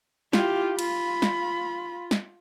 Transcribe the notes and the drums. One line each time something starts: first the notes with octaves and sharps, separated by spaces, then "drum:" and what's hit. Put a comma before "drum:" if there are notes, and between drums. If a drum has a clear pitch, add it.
E4 F4 G4, drum: snare
F4 B5, drum: cymbal
drum: snare
drum: snare